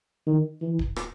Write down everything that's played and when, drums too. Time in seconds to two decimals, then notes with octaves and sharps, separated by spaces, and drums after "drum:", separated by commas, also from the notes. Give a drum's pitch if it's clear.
0.27 D#3
0.62 E3
0.79 drum: kick D1
0.96 drum: rim click